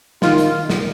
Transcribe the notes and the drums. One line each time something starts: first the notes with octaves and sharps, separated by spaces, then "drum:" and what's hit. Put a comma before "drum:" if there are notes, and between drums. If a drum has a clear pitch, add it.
D#3 F4, drum: snare
drum: hi-hat
drum: snare